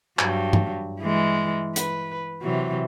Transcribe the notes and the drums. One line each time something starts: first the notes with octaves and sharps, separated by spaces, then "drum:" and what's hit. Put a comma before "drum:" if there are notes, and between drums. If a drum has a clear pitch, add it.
G2 F#3, drum: clap
drum: tom G2
E3 G#3
B4, drum: hi-hat
C3 E3 F#3